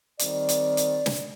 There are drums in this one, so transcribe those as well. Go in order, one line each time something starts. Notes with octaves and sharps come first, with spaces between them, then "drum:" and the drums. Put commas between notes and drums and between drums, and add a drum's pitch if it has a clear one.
D#3 G3 C4 D5, drum: hi-hat
drum: hi-hat
drum: hi-hat
drum: snare